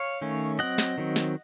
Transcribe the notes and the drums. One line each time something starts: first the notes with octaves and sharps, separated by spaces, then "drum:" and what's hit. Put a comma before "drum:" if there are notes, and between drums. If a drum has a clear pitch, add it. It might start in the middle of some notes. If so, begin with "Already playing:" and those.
Already playing: C#5 F5
D#3 A3 C#4
F#3 C4 D#5 F#5
drum: snare
D#3 F#3 C4
drum: snare